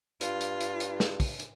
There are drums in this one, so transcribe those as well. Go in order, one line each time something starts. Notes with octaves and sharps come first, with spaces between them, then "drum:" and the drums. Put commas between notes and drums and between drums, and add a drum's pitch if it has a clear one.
G2 F4, drum: hi-hat
drum: hi-hat
drum: hi-hat
drum: hi-hat
drum: snare
drum: kick, open hi-hat
drum: hi-hat